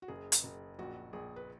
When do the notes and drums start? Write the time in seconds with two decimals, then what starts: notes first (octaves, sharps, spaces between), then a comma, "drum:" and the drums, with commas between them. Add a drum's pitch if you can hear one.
0.02 F#4
0.08 F#1 G#4
0.32 drum: hi-hat
0.43 F#1
0.79 A#1 F#4
1.13 A#1 G#4
1.36 B4